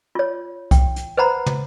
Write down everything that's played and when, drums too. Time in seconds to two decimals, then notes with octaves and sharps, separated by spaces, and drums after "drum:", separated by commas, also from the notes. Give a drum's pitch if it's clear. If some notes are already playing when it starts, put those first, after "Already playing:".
0.15 F4 C#5
0.71 G5, drum: kick C2, hi-hat
0.96 drum: hi-hat
1.17 B4 C5 F#5 A#5 B5
1.46 drum: tom